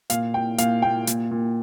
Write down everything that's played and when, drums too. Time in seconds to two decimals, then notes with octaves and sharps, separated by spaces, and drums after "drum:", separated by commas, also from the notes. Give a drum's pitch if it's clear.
0.10 A#2 F5, drum: hi-hat
0.34 A#2 G5
0.58 A#2 F5, drum: hi-hat
0.82 A#2 G5
1.07 A#2, drum: hi-hat
1.31 A#2